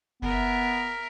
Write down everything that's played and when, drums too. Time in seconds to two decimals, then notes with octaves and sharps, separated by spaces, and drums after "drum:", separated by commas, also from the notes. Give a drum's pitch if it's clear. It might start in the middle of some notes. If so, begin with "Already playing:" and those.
0.22 B3 A#4 E5, drum: kick F#1